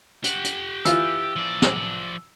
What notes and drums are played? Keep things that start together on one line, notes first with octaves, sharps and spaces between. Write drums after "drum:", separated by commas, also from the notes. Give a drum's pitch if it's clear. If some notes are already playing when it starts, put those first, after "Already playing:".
G4 F#5, drum: hi-hat
drum: hi-hat
E3 F4 E6, drum: hi-hat
F3 D5
drum: snare